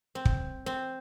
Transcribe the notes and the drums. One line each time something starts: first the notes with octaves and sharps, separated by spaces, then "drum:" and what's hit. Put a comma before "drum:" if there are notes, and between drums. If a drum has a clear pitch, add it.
C4
drum: kick
C4